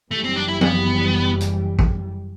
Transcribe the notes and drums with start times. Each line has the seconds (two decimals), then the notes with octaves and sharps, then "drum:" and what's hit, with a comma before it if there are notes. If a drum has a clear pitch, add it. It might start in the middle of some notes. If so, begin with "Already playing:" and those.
0.11 F#1 F#2 E3 G3 A3
0.24 C4
0.36 D4
0.48 E4
0.61 B3, drum: tom F3
1.41 drum: hi-hat
1.79 drum: kick